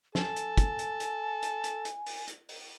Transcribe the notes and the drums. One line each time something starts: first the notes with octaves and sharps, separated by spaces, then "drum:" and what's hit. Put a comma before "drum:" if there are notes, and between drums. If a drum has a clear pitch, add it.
A4 G#5, drum: snare
drum: hi-hat
drum: kick, hi-hat
drum: hi-hat
drum: hi-hat
drum: hi-hat
drum: hi-hat
drum: hi-hat
drum: open hi-hat
drum: hi-hat
drum: open hi-hat